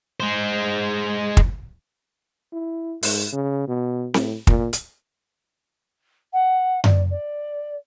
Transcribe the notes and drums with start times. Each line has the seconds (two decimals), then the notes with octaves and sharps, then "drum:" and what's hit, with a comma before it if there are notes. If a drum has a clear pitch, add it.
0.20 G#3 C5
1.37 drum: kick
2.53 E4
3.03 G#2, drum: open hi-hat
3.33 C#3
3.68 B2
4.14 A2, drum: snare C4
4.47 A#2, drum: kick
4.73 drum: hi-hat
6.33 F#5
6.84 D5, drum: tom F#2
7.10 D5